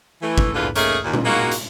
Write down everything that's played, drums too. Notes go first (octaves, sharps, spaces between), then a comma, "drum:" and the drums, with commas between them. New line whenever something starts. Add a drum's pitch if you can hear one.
E3 A3
drum: kick G1
E2 A#2 D3 E3 F4 B4
A3 A#3 C#4 D#4 G#4 A#4, drum: hi-hat
D#2 A#2
drum: tom
G#3 A#3 D#4 F4 F#4
drum: hi-hat